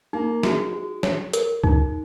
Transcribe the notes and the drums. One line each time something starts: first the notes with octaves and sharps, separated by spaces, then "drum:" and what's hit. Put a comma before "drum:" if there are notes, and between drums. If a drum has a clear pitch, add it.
A#3 D#4
G#3 F#4, drum: snare
F#4
C#5, drum: snare
A#4, drum: hi-hat
D#4, drum: kick